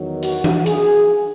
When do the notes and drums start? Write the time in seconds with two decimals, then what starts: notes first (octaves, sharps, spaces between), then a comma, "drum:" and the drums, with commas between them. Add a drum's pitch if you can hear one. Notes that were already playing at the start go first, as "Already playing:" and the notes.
Already playing: E2 D#3 F#3
0.23 F#4, drum: hi-hat
0.44 drum: tom E3
0.66 G#4, drum: hi-hat